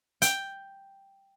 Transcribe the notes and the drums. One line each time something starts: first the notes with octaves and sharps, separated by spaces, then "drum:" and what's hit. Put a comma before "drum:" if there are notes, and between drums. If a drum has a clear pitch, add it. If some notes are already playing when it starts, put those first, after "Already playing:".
G5, drum: hi-hat